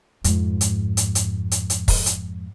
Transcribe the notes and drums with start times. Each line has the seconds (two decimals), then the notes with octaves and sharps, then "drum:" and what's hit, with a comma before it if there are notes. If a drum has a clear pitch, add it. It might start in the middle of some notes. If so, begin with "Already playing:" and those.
0.24 F2 G#2, drum: hi-hat
0.61 drum: hi-hat
0.97 drum: hi-hat
1.15 drum: hi-hat
1.51 drum: hi-hat
1.70 drum: hi-hat
1.88 drum: kick, open hi-hat
2.06 drum: hi-hat